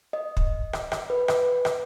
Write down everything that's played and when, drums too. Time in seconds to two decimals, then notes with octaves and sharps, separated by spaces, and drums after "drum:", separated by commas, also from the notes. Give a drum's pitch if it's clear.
0.13 D#5
0.37 drum: kick
0.73 drum: rim click
0.92 drum: rim click
1.10 B4
1.28 drum: rim click
1.65 drum: rim click